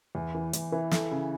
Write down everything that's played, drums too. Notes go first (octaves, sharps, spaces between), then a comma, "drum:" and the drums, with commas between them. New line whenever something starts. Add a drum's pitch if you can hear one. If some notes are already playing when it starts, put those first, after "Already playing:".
E2
E3
E2, drum: hi-hat
E3
A4, drum: snare
C#3